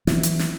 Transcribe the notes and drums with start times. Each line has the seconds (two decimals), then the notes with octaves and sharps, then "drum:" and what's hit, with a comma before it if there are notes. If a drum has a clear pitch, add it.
0.07 E3, drum: snare
0.23 drum: hi-hat
0.39 drum: snare